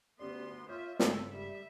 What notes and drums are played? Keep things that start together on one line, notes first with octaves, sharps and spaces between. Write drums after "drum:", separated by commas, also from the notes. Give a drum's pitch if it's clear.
D2 B3 C#4 G4 D5 C6
F4 C#5 E5 C6 G6
G2 C#3 G#3 A4 E5, drum: snare
G3 E5